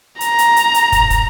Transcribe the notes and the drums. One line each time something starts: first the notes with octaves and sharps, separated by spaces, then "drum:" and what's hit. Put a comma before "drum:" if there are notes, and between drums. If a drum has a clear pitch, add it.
A#5, drum: hi-hat
drum: hi-hat
drum: hi-hat
drum: hi-hat
drum: kick, hi-hat
drum: kick, hi-hat